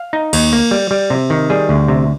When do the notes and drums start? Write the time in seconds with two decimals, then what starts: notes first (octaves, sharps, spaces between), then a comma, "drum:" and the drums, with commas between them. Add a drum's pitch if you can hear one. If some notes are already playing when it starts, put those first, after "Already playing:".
Already playing: F5
0.13 D#4
0.33 D#2, drum: cymbal
0.53 A#3
0.71 G3
0.91 G3
1.10 C3
1.30 D#3
1.50 G3 G#4
1.69 D2
1.88 C3